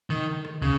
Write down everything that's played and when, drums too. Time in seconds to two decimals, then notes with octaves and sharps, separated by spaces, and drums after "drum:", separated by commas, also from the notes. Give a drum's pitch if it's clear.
0.10 D#3
0.45 drum: rim click
0.62 C#3, drum: kick